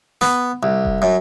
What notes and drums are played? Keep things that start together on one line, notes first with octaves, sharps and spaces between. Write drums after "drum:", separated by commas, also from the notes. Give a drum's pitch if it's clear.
B3, drum: snare
C2
drum: kick E1
F#2